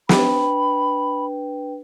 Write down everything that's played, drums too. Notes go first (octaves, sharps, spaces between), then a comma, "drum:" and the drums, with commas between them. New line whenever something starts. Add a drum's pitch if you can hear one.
D4 B4 G5 B5, drum: snare